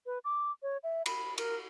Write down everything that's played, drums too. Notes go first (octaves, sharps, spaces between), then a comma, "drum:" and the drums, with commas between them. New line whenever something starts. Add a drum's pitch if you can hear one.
B4
D6
C#5
E5
B5, drum: cymbal
A#4, drum: cymbal